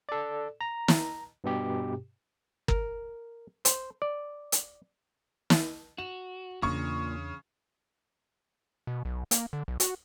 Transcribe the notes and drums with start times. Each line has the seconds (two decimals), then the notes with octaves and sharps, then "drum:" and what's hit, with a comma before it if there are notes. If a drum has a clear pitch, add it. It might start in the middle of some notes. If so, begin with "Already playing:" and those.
0.09 A4 D5
0.61 A#5
0.88 drum: snare
1.44 G2 B2 G4
2.68 A#4, drum: kick
3.65 C5, drum: hi-hat
4.02 D5
4.52 drum: hi-hat
5.50 drum: snare
5.98 F#4 E7
6.62 E2 A#2 C#3 D4 C#6
8.87 B2
9.05 B1
9.31 A#3, drum: hi-hat
9.53 D3
9.68 B1
9.80 F#4, drum: hi-hat